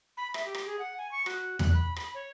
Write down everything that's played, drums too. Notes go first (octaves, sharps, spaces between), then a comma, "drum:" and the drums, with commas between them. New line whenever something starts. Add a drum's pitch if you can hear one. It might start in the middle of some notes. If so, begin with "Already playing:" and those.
B5
E5, drum: rim click
G4
drum: rim click
G#4
F#5
G#5
C#6
F#4, drum: rim click
F#6, drum: tom E2
B5
B5, drum: rim click
C#5